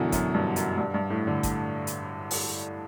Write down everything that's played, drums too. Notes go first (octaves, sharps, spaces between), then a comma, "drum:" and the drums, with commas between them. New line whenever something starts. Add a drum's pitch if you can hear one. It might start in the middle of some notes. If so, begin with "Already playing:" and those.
Already playing: F#2 B2 D3 E3
F#2, drum: kick G1, hi-hat
G2
F#2, drum: hi-hat
G2
G2
A2
D3
drum: kick G1, hi-hat
drum: hi-hat
drum: open hi-hat